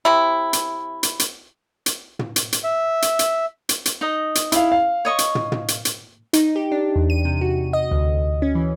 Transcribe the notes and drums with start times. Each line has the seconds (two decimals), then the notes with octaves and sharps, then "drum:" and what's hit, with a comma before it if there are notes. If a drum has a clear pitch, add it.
0.05 C3 E4
0.53 drum: hi-hat
1.03 drum: hi-hat
1.19 drum: hi-hat
1.86 drum: hi-hat
2.19 drum: tom
2.36 drum: hi-hat
2.52 drum: hi-hat
2.64 E5
3.02 drum: hi-hat
3.19 drum: hi-hat
3.69 drum: hi-hat
3.85 drum: hi-hat
4.01 D#4 D#5
4.35 drum: hi-hat
4.52 E4 F5, drum: hi-hat
4.72 F5
5.05 C#5 D#5 C#6
5.18 drum: hi-hat
5.35 drum: tom
5.52 drum: tom
5.68 drum: hi-hat
5.85 drum: hi-hat
6.33 D#4, drum: hi-hat
6.56 G4
6.72 D4
6.96 E2
7.10 D#7
7.25 C3
7.41 F#4
7.73 D#5
7.91 D2
8.42 C#4
8.55 E3